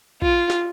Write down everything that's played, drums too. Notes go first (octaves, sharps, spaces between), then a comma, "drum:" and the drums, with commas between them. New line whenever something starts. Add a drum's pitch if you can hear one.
F4, drum: kick A#1
drum: snare